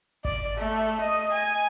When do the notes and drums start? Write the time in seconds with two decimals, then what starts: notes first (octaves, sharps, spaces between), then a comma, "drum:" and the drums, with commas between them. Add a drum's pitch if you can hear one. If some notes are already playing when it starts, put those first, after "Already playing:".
0.25 D5, drum: kick G#1
0.57 A3
1.01 D#5
1.32 G#5